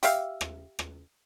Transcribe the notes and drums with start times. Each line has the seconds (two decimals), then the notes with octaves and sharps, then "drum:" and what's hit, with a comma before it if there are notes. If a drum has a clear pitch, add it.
0.03 G4 E5 F5, drum: hi-hat
0.41 drum: rim click
0.79 drum: rim click